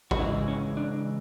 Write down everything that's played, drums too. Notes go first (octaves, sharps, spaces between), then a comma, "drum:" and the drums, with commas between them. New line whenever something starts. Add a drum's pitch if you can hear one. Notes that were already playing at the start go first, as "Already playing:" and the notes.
F#4, drum: kick
C#3 E3 G#3 E4
C#4
D4